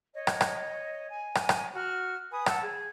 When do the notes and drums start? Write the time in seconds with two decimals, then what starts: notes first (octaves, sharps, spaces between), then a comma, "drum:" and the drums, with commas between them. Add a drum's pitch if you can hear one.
0.14 C#5 D#5
0.27 drum: rim click
0.41 drum: rim click
1.09 G#5
1.35 drum: rim click
1.49 drum: rim click
1.72 F#4 F6
2.30 B4 G#5 D#6
2.46 F#5 A5 E6, drum: rim click
2.62 G#4